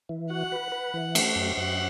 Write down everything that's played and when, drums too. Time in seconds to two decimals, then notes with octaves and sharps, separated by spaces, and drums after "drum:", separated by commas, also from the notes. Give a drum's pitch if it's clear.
0.09 E3
0.30 F#4 F#5
0.52 B4
0.72 B4
0.94 E3
1.15 A3, drum: cymbal
1.36 F#2
1.56 F#2 F#5